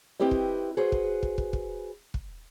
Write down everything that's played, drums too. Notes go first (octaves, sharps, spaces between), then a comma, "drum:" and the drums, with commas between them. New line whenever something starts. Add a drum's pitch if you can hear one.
C4 E4 G4 B4 D#5
drum: kick
F#4 G#4 B4 C5
drum: kick
drum: kick
drum: kick
drum: kick
drum: kick